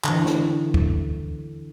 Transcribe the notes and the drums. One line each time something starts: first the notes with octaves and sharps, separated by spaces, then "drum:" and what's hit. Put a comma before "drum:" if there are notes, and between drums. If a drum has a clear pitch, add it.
D3 E3, drum: clap
drum: snare
drum: kick